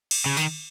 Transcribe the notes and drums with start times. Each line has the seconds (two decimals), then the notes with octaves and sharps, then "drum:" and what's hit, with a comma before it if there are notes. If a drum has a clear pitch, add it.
0.11 drum: cymbal
0.26 C#3
0.37 D#3, drum: tambourine